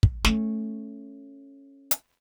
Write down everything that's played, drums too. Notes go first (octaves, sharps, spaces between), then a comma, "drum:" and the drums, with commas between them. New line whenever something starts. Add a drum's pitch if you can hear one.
drum: kick
A3 C#4, drum: snare
drum: hi-hat